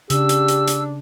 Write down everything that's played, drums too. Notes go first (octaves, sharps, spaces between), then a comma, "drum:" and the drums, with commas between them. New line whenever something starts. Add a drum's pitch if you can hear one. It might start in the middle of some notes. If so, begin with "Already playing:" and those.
C#3 D4 G4 E6, drum: hi-hat
drum: hi-hat
drum: hi-hat
drum: hi-hat